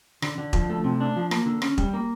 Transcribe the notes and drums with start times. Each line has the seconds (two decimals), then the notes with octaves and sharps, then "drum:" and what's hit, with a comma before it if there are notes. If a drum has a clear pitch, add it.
0.22 D3, drum: rim click
0.38 D3
0.53 F3, drum: kick E1
0.69 A3
0.84 C3
1.00 D4
1.16 F3
1.31 A#3, drum: rim click
1.46 D3
1.62 C#4, drum: rim click
1.78 G3, drum: kick E1
1.94 A#3